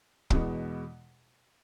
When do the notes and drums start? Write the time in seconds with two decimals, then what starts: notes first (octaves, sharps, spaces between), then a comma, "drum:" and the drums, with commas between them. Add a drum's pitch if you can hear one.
0.30 E2 B2 G#3 B3, drum: kick